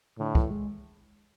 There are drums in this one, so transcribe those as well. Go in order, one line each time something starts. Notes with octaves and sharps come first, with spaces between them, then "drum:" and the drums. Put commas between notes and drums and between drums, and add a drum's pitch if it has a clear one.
A2 D3
E3, drum: kick
G#3